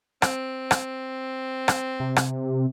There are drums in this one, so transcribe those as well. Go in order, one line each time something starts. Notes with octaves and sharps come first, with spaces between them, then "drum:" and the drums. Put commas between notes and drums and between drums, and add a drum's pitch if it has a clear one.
C4, drum: rim click
drum: rim click
drum: rim click
C3
drum: rim click